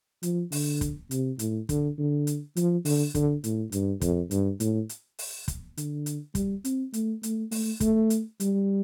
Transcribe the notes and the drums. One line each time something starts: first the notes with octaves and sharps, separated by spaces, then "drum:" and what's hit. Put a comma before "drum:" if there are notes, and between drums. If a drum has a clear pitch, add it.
F3, drum: hi-hat
D3, drum: open hi-hat
drum: kick, hi-hat
C3, drum: hi-hat
A2, drum: hi-hat
D3, drum: kick, hi-hat
D3
drum: hi-hat
F3, drum: hi-hat
D3, drum: open hi-hat
D3, drum: kick, hi-hat
A2, drum: hi-hat
G2, drum: hi-hat
F2, drum: kick, hi-hat
G2, drum: hi-hat
A2, drum: hi-hat
drum: hi-hat
drum: open hi-hat
drum: kick, hi-hat
D3, drum: hi-hat
drum: hi-hat
G3, drum: kick, hi-hat
C4, drum: hi-hat
A3, drum: hi-hat
A3, drum: hi-hat
A3, drum: open hi-hat
A3, drum: kick, hi-hat
drum: hi-hat
G3, drum: hi-hat